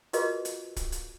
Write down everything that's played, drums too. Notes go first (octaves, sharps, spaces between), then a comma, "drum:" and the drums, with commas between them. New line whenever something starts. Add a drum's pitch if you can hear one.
F4 F#4 G#4 A#4 B4 D#5, drum: hi-hat
drum: hi-hat
drum: kick, hi-hat
drum: hi-hat